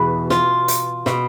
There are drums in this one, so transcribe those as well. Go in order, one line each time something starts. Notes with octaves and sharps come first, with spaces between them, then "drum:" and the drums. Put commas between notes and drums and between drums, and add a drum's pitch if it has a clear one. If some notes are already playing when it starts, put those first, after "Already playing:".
Already playing: E2 B2 B4
F4, drum: snare
drum: hi-hat
B2, drum: snare